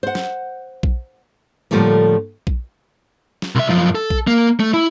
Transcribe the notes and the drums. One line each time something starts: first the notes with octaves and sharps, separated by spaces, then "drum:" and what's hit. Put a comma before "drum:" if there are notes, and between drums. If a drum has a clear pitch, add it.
C5 F#5
drum: snare
drum: kick A#1
A2 D3 F3 G3 A3 A#3
drum: kick A#1
drum: snare
C2 E5
F#2 F3
A4
drum: kick A#1
A#3
A3
E4